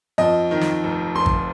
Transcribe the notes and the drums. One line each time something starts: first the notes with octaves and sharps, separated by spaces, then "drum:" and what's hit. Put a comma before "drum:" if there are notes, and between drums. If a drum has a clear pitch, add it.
F2 D#5
D#3
drum: snare
F1
F1 C6
drum: kick G#1